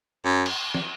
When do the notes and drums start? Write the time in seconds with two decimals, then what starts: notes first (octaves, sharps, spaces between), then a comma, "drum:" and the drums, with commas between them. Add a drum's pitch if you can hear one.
0.25 F#2
0.46 drum: cymbal
0.75 drum: snare